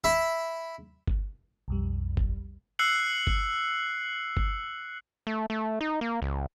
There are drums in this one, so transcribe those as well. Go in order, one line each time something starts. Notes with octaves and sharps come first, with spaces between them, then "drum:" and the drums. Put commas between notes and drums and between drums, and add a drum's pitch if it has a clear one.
E4 E5
drum: kick G1
B1 F2 G3
drum: kick G1
E6 F#6 C7 C#7 F#7
drum: kick G1
drum: kick G1
A3
A3
D#4
A#3
C#2